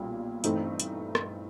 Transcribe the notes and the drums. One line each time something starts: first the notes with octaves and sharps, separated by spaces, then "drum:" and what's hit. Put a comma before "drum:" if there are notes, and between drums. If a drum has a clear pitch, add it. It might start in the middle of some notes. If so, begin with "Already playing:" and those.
Already playing: B1 A#2 G3
G2 E3 A3 C4 D#4, drum: hi-hat
drum: hi-hat
drum: rim click